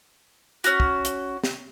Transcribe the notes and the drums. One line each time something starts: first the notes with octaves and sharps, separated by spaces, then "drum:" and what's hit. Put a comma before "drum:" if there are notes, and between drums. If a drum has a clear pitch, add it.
C#4 F#4, drum: hi-hat
drum: kick
drum: hi-hat
drum: snare